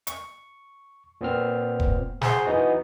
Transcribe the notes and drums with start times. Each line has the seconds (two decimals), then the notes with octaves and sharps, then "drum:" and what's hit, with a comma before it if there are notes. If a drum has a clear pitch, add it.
0.07 C#6, drum: hi-hat
1.21 A#2 B3 C4 F6
1.80 drum: kick E1
2.21 G#4 C5 F#5 C6, drum: snare
2.46 E3 B3 D#4 F#4